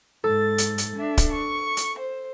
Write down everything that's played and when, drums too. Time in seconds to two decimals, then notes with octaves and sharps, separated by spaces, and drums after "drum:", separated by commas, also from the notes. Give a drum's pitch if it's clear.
0.24 G#2 A4 A6
0.58 drum: hi-hat
0.78 drum: hi-hat
0.98 D4 E5
1.18 drum: kick, hi-hat
1.31 C#6
1.77 drum: hi-hat
2.00 C5